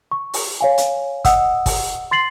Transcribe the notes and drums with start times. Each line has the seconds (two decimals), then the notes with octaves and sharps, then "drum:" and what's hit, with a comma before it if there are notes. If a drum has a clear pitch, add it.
0.11 C#6
0.34 drum: open hi-hat
0.61 C#5 F5 G#5
0.78 drum: hi-hat
1.25 D#5 F#5 D#6 E6, drum: kick, hi-hat
1.66 drum: kick, open hi-hat
2.11 C6 A6 C7 F#7